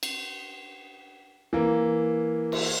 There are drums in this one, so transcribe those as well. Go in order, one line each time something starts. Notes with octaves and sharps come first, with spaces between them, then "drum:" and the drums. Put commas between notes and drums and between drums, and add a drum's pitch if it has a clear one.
drum: cymbal
E3 A#3
drum: cymbal